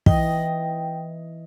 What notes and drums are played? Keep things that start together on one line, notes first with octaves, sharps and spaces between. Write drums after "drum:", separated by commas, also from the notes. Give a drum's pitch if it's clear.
E3 D#5 G5, drum: kick